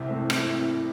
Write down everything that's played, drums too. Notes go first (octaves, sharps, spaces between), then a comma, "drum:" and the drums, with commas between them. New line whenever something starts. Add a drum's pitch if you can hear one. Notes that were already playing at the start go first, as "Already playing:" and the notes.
Already playing: C2 C3 E3
A3 C4
C4 E4, drum: rim click